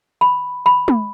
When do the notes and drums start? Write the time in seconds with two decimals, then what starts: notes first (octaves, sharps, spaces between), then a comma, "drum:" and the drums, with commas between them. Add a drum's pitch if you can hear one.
0.21 B5
0.66 B5
0.88 drum: tom